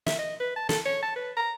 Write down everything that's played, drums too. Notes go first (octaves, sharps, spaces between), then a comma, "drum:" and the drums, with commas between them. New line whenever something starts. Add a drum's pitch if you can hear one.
E5, drum: snare
D#5
B4
A5
A4, drum: snare
C#5
A5
B4
A#5